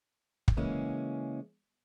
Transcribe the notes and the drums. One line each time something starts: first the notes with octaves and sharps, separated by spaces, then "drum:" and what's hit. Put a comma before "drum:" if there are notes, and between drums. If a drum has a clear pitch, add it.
drum: kick
C#3 E3 G#3 A#3 C#4